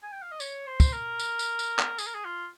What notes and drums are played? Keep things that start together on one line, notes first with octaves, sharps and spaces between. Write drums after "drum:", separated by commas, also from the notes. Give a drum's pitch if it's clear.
G#5
G5
F5
D#5
C#5, drum: tambourine
C5
drum: kick, tambourine
A#4
drum: tambourine
drum: tambourine
drum: tambourine
drum: clap
G#4, drum: tambourine
A#4
G#4
F4